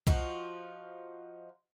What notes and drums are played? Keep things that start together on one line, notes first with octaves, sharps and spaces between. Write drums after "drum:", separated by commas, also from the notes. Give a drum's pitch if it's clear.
F3 D#4 F4 F#4, drum: kick C2